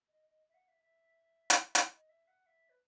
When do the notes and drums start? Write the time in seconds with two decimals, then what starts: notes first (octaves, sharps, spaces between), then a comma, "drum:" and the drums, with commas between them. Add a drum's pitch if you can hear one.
0.08 D#5
0.27 D#5
0.49 E5
0.54 F#5
0.68 E5
0.81 E5
1.50 drum: hi-hat
1.75 drum: hi-hat
1.91 D#5
2.09 E5
2.28 F#5
2.46 E5
2.69 B4